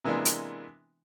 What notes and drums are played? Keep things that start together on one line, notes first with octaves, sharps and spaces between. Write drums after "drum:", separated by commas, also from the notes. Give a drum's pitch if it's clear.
C3 E3 G#3 A#3 B3 D4
drum: hi-hat